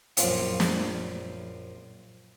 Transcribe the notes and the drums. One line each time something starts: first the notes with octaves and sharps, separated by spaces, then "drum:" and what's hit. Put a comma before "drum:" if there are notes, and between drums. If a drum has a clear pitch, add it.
A#1 F#2 C4 F4 F#5, drum: hi-hat
drum: snare